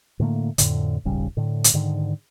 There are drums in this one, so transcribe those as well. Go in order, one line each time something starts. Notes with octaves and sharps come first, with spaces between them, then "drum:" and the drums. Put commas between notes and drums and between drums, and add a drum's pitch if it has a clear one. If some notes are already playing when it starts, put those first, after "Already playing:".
A2 D3 A3 A#3
F2 A2 D3, drum: hi-hat
D#1 G#1 C#3 G3
A2 D3
drum: hi-hat
G#2 D3 D#3